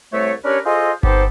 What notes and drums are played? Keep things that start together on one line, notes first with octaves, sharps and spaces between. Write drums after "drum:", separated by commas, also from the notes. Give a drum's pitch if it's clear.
C2 A3 C#5
C#4 D4 G4 A#4 B4 C#5
F4 G#4 A4 C5 D#5
B3 C4 D#4 G4 A4 C5, drum: kick G1